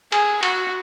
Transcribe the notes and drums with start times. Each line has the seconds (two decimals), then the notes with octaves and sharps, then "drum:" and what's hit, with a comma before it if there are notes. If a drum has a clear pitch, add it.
0.12 G#4, drum: cymbal
0.43 F#4, drum: cymbal